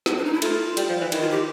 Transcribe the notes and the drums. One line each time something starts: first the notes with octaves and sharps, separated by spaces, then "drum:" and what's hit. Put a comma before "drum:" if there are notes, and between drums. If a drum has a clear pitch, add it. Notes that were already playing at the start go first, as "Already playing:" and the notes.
drum: snare
D4
D#4
E4
A3 F4, drum: cymbal
G3, drum: cymbal
F3
E3
D#3 E4, drum: cymbal
F4
G4